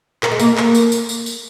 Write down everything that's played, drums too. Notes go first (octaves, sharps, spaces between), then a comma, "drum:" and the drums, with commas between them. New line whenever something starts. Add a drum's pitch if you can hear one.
A#3, drum: clap
G#3
A#3, drum: tambourine
drum: clap
drum: tambourine
drum: tambourine
drum: tambourine
drum: tambourine